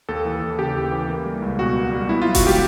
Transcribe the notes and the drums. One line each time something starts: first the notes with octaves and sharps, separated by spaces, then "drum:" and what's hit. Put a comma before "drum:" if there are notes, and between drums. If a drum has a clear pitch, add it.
D#2 A4
E3
D#2
C#3 G4
D#2
E3
A#3
G3
C#2
B2 F#4
A#3
G3
B3 E4
F4
F#3
F#4, drum: kick E1, open hi-hat
C#2 G4